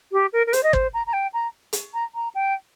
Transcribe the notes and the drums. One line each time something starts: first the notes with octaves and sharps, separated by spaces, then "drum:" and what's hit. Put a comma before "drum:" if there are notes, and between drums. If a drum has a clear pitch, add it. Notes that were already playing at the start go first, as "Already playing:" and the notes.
G4
A#4
A#4
C5, drum: hi-hat
D#5
C5, drum: kick
A#5
A#5
G5
A#5
drum: hi-hat
A#5
A#5
G5